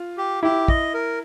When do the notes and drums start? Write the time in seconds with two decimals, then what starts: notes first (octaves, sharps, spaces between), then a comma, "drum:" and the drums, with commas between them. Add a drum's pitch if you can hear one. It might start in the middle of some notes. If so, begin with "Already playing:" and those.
Already playing: F4
0.17 G4
0.43 E4 G4
0.68 D#5, drum: kick
0.94 A#4